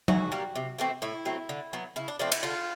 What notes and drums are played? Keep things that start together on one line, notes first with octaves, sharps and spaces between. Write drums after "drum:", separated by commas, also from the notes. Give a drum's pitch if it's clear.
E3 F#4, drum: tom F#3
G3 A#3
C3
E3 A3 C4
A2 E4
F#3 A3 C4
D3
F#3 B3
C#3 E4
D4
F3 A3 C4 D4
E4, drum: cymbal
D3 F4